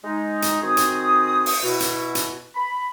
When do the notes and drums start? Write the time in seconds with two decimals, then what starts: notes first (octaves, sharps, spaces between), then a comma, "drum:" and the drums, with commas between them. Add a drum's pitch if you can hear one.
0.04 G#3 D#4
0.42 drum: hi-hat
0.63 D#3 C4 F#4 G#4 C5 D#6
0.77 drum: hi-hat
1.46 drum: open hi-hat
1.63 B2 E4 F#4
1.80 drum: hi-hat
2.15 drum: hi-hat
2.56 B5